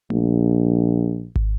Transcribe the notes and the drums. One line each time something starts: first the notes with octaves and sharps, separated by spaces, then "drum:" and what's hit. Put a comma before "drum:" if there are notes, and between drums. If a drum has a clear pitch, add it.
A#1, drum: tom A3
drum: kick